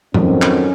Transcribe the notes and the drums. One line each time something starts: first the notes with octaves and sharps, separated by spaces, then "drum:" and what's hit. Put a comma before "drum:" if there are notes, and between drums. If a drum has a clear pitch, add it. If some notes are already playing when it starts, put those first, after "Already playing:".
F2 D#3 F#3 C4 C#4, drum: tom
drum: clap